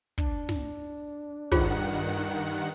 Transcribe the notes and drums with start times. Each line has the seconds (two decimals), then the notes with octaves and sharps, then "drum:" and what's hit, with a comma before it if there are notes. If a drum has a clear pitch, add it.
0.18 D4, drum: kick
0.49 drum: snare
1.52 G2 D#3 F4 G#4 C5 F#5, drum: kick